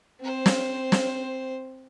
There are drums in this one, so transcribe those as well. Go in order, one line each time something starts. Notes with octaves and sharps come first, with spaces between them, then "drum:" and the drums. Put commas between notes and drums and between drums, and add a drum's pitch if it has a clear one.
C4 C5
drum: snare
drum: snare